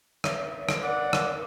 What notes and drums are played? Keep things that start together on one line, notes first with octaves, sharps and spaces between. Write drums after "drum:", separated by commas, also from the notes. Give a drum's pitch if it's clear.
E5, drum: rim click
drum: rim click
A#4 D5 F#5 D6
drum: rim click